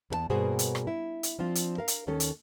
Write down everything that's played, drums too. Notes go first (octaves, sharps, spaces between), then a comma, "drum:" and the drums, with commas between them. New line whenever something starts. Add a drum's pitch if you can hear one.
E2 A4 A5
G2 B2 A#3 F#4 G#4 C5
drum: hi-hat
drum: rim click
E4
drum: hi-hat
F3 C4 D4 F4
drum: hi-hat
A#4 F5
drum: hi-hat
D#2 D#3 C#4 A4
drum: hi-hat